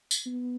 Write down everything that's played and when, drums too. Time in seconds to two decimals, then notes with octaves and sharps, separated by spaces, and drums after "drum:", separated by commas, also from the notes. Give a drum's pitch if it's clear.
0.11 drum: tambourine
0.26 B3